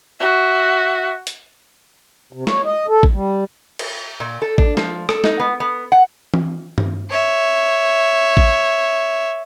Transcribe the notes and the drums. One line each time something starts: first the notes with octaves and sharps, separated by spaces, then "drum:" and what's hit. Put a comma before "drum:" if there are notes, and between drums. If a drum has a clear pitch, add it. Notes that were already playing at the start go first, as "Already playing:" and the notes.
F#4 E5
drum: hi-hat
C3
C#5, drum: snare
D#5
A4
drum: kick A1
G3
drum: cymbal
A#2
A4
D4, drum: kick A1
F3, drum: snare
A4, drum: rim click
D#4, drum: snare
B3
B3
F#5
drum: tom E3
drum: tom G2
C#5 E5
drum: kick A1